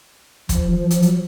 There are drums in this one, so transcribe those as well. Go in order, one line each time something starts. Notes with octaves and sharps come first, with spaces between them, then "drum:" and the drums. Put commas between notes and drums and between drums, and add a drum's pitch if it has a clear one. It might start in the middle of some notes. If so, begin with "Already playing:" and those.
F3, drum: kick, hi-hat
F3
F3, drum: hi-hat
F#3, drum: hi-hat